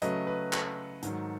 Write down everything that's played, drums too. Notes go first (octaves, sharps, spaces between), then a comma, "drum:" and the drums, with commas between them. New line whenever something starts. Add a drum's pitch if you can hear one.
C#3 F#3 A3 B4 D#5, drum: hi-hat
B4
A4, drum: clap
G#2 D#3 F#3, drum: hi-hat